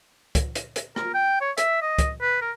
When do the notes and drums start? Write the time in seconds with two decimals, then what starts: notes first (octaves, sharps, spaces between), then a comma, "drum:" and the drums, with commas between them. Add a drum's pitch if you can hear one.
0.35 drum: kick C#2, hi-hat
0.55 drum: hi-hat
0.76 drum: hi-hat
0.96 A#4, drum: rim click
1.15 G5
1.41 C#5
1.58 E5, drum: hi-hat
1.82 D#5
1.98 drum: kick C#2, hi-hat
2.22 B4
2.42 A#4